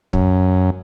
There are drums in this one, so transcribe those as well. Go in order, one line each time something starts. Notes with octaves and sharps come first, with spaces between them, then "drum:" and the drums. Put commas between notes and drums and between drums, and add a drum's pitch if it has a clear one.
F#2, drum: kick